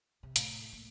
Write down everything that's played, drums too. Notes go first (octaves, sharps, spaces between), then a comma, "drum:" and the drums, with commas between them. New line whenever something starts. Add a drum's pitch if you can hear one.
C3
A2, drum: hi-hat
A#3